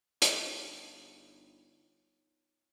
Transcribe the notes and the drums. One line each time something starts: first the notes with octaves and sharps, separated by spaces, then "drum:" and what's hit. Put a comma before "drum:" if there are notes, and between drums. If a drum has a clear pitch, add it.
G1 D#4 G4 G#4 C#5 F5, drum: hi-hat